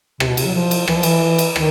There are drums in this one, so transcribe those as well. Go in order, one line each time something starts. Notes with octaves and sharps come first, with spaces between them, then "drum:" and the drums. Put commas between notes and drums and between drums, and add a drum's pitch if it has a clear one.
C3, drum: rim click
B2
C3, drum: cymbal
F#3
F3
drum: cymbal
E3, drum: rim click
F3
E3, drum: cymbal
drum: cymbal
D#3, drum: rim click